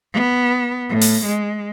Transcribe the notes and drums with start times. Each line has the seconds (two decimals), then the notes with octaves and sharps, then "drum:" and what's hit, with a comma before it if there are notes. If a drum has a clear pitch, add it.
0.13 B3
0.89 A2
1.01 drum: open hi-hat
1.25 G#3